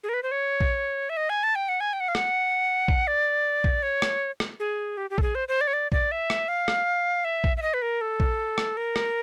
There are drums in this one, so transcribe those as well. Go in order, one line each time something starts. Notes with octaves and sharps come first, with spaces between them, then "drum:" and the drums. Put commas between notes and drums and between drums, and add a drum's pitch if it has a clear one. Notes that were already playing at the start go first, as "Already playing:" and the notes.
G#4
A#4
B4
C5
C#5
drum: kick A#1
E5
D#5
G#5
A5
G5
F#5
G#5
G5
F#5
F5
F#5, drum: rim click
drum: kick A#1
D5
drum: kick A#1
C#5
drum: rim click
drum: rim click
G#4
G4
G4
A4, drum: kick A#1
G#4
C5
C5
D5
C#5
D5
D5, drum: kick A#1
E5
drum: rim click
F5
drum: rim click
E5
drum: kick A#1
E5
D#5
B4
A#4
A4
drum: kick A#1
drum: rim click
A#4
drum: rim click